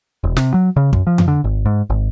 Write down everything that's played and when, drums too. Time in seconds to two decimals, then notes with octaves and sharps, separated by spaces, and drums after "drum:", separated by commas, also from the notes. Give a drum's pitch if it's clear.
0.24 E1
0.37 C3, drum: snare
0.54 F#3
0.76 C#3
0.93 F#2, drum: kick
1.07 F3
1.18 drum: tom F2
1.28 D3
1.44 G#1
1.66 G#2
1.90 G#1